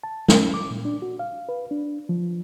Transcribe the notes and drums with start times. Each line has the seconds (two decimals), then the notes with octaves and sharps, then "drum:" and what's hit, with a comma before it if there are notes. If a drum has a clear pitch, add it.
0.04 A5
0.28 C#4, drum: snare
0.54 D6
0.70 A#2
0.85 D4
1.02 F#4
1.19 F5
1.49 B4
1.71 D4
2.09 F3